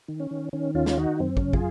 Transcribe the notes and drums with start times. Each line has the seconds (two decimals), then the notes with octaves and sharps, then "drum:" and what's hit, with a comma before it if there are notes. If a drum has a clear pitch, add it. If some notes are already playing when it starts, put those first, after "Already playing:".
0.08 D#3
0.20 C#4
0.31 D#3
0.53 D#3 C#4
0.75 D#2 C#4 F4
0.86 drum: snare
0.97 D#3 D#4 F#4
1.20 F#2 C4
1.37 C#4, drum: kick
1.42 C#3
1.53 F4 G#4, drum: kick